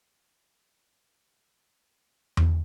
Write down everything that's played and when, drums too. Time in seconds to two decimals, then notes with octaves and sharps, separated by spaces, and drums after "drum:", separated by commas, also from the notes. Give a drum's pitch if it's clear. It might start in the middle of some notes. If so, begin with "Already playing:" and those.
1.76 C#3 F3 F#5 D6
2.37 drum: tom E2